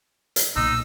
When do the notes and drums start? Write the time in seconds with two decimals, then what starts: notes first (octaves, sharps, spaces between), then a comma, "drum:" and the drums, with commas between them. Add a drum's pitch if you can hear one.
0.36 drum: hi-hat
0.56 B1 A#2 D#4 E6